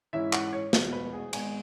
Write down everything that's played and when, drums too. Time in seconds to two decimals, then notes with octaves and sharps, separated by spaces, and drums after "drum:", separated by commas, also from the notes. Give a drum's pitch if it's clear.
0.13 G#2 E3 C#4 E4 E5
0.33 F#5, drum: clap
0.53 C#5
0.73 E2 B2 G#3 B3, drum: snare
0.92 B4
1.13 G#4
1.33 G#1 G#2 G#3 B3 G#5, drum: cymbal